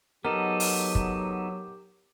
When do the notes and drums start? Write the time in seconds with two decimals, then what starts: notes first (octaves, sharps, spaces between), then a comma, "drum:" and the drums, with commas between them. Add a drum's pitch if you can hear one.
0.25 F#3 B3 D#4 G4 A4 A#4
0.60 drum: open hi-hat
0.95 drum: kick